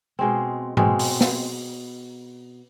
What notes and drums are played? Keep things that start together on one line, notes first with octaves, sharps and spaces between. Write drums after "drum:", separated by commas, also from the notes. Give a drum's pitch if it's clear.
B2 G#3 C4
B2 G#3 C4, drum: tom G#2
drum: open hi-hat
drum: snare